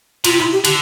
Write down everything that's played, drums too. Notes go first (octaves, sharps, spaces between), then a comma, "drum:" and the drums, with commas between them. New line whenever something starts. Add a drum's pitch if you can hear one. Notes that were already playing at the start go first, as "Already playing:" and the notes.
C3 F4, drum: cymbal
E4
G4
D3, drum: cymbal